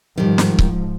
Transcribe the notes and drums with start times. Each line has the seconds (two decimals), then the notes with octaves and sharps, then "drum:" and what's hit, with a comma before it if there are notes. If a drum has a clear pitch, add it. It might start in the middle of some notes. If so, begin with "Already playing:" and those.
0.18 G#2 D#3 F3 G3
0.38 drum: snare
0.59 drum: kick C#1